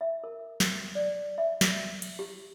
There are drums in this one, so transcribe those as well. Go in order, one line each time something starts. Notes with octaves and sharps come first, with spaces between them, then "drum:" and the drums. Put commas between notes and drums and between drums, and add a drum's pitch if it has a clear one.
E5
A#4
drum: snare
D5
E5
drum: snare
drum: cymbal
G4